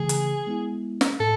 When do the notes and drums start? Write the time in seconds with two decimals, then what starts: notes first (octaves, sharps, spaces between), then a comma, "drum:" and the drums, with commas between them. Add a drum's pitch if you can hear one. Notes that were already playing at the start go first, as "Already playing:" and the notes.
Already playing: C#3 E3 A3 G#4
0.09 drum: hi-hat
0.47 G#3 B3 E4
1.01 drum: snare
1.20 A2 A4